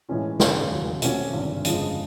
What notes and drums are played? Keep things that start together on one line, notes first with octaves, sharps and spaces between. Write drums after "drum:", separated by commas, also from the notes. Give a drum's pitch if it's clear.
A2 E3 G#3 C#4 F4
G#1 F#2 C#3, drum: snare
E1 D#2 C#3 F#3
C3 F3 A3 C#4 F#4, drum: hi-hat
G#1 G2 D3
G1 F2 C#3 F3 G#3, drum: hi-hat